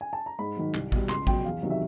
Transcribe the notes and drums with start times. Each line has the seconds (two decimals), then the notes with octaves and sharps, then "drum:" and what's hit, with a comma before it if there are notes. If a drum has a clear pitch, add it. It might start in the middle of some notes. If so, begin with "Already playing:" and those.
0.01 G#5
0.13 A5
0.26 A#5
0.39 G#2 B5
0.57 D#3 F#3
0.74 C2, drum: clap
0.92 B2 G3, drum: kick A1
1.09 C#2 C6, drum: clap
1.27 B2 F#3 G5, drum: kick A1
1.45 E2 F5
1.62 C3 D#3 F#3
1.70 E5